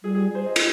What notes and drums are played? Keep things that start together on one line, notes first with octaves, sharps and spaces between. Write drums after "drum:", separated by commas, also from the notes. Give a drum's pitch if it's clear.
G3 G#4
G#4
C5
D#5
D#5, drum: cymbal